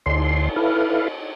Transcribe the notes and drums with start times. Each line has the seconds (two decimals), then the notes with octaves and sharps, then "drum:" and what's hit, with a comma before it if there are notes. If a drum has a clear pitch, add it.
0.06 D2 C6, drum: cymbal
0.56 E4 A4 B4 F5